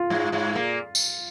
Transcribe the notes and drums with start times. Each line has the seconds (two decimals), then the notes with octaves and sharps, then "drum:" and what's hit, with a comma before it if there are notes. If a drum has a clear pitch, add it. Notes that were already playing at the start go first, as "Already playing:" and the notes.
Already playing: F4
0.10 G#2 G#3
0.32 G#2 G#3
0.55 A#2 A#3
0.95 drum: tambourine